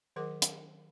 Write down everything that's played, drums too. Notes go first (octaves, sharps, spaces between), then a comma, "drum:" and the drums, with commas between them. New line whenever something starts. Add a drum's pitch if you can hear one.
D#3 F#3 G#4 A#4 F#5 D6
drum: hi-hat